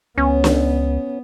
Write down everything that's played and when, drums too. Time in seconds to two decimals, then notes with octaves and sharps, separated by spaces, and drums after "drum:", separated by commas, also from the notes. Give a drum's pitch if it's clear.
0.18 C#2 B3 C#4
0.44 drum: snare